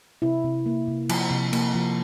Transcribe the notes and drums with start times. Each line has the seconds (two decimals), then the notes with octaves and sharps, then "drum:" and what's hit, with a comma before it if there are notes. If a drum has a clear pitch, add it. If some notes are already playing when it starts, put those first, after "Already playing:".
0.22 C3 E4
0.44 C3
0.66 A#3
0.88 C3
1.09 F3, drum: cymbal
1.30 C3
1.53 A#3, drum: cymbal
1.74 F3